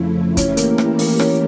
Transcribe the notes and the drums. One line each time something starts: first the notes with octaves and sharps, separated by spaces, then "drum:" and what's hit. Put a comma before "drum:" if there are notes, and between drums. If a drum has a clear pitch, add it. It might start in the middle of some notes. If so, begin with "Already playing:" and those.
Already playing: F2 C#3 F3 A3 E4
E3 A3 C#4 E4 G4 A#4, drum: kick, hi-hat
A#3, drum: hi-hat
drum: rim click
A#3, drum: open hi-hat
C#4, drum: rim click